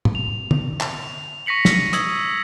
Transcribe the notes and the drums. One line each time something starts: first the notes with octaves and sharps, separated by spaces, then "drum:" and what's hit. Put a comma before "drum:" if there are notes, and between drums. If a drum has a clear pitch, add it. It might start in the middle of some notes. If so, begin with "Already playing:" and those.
drum: tom
F7
drum: tom
drum: clap
C#6 A#6 B6 C#7 F#7
drum: snare
D#6 E6 G#6, drum: hi-hat